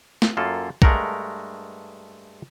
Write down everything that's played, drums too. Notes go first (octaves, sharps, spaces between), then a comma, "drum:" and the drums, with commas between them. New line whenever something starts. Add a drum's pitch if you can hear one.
drum: snare
F#2 A#3 F4 A4
G2 G#3 A3 A#4 F#5 A#5, drum: kick B1